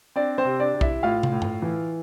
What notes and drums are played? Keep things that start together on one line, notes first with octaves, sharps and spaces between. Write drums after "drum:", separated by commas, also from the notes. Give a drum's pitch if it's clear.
C4 D4 D5
C4 C5
C3
D4 D5
C3
E4 E5, drum: kick
A2 F4 F5
drum: tom
A2
drum: tom G2
E3